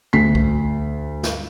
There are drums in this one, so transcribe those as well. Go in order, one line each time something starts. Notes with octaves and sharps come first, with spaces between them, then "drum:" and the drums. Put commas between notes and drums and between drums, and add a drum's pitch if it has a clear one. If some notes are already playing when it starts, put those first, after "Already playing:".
D2 B6 C7
drum: kick C2
drum: snare